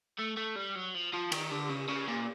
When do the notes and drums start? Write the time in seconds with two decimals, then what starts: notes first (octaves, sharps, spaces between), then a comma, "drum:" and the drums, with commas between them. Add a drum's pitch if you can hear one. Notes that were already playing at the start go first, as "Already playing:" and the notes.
0.19 A3
0.37 A3
0.56 G3
0.75 F#3
0.94 F3
1.14 F3
1.32 D#3, drum: cymbal
1.51 D3
1.69 C#3
1.88 C#3
2.08 A#2